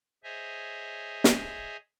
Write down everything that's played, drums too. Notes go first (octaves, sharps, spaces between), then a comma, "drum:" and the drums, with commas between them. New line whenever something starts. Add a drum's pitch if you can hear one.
G#4 C5 C#5 D#5 E5 G#5
drum: snare